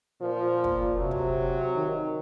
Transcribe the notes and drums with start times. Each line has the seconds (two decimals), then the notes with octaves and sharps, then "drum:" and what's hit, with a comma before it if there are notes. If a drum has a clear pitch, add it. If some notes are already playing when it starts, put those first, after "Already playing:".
0.21 A#2 F3
0.64 drum: kick
0.99 C3 F#3
1.11 drum: kick
1.75 D#3